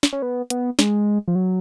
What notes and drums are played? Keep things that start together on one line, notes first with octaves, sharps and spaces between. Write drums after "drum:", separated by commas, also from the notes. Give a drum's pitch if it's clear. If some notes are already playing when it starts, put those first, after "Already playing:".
drum: snare
C#4
B3
B3, drum: hi-hat
G#3, drum: snare
F3
F#3